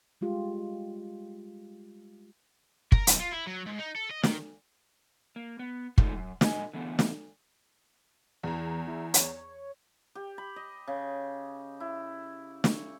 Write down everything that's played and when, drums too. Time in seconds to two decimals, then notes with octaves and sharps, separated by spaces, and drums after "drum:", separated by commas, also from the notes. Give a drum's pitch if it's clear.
0.21 G3 G#3 F4 G4
2.92 A#4, drum: kick
3.07 B1, drum: hi-hat
3.19 F4
3.32 E4
3.47 F#3
3.67 G#2
3.79 D#4
3.96 A4
4.11 D#5
4.23 D#3, drum: snare
5.36 A#3
5.59 B3
5.98 C#3 G#3 A3 D#4 F4 C5, drum: kick
6.15 F#2
6.41 A#2 G#3 D#5 G#5, drum: snare
6.73 D3 E3 A3 B3
6.99 drum: snare
8.43 E2 E3 A#5
8.87 E4
9.14 C#5, drum: hi-hat
10.15 G4
10.38 B5
10.56 D#5
10.87 C#3
11.80 E4
12.64 C#6, drum: snare